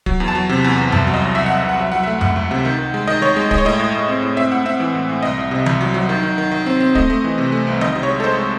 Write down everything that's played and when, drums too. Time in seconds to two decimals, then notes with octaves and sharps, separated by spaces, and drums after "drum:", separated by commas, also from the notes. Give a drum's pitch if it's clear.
0.06 F#3, drum: kick
0.20 E2
0.28 A5
0.35 F#3
0.49 C3
0.64 E2
0.78 E2
0.92 C2 A5, drum: tom F2
1.07 F#3
1.14 D#5
1.22 F#3
1.35 C2 E5
1.46 C2 F#5
1.57 E5
1.64 C2
1.69 F#5
1.79 F#3 E5
1.92 F#3 F#5
2.03 A3 E5
2.21 C#2 F#5, drum: tom F2
2.36 C#2
2.51 C3
2.65 D#3
2.79 D#3
2.94 G#3
3.07 D#3 D#5
3.21 D#3 C#5
3.36 G#3
3.51 G#3 D#5, drum: kick
3.58 C#5
3.65 A2 D#5
3.80 A2
3.94 A2
4.08 C4
4.22 A2
4.37 C4 E5
4.52 A2 F#5
4.66 C4 E5
4.80 E3
4.95 A2
5.09 A2
5.22 C2 D#5
5.38 C2
5.51 C3
5.66 C2, drum: tom D#3
5.81 F#3
5.94 F#3
6.09 D#3
6.23 D#3
6.38 D#3
6.51 D#3
6.66 C4
6.80 C4
6.95 A3 D#5, drum: kick
7.10 A3
7.24 E3
7.38 C3
7.52 A3
7.67 C2
7.81 D#3 D#5, drum: tom D#3
7.93 C3 D#5
8.03 C#5
8.10 G#3
8.20 A4
8.24 G#3 C5
8.38 G#3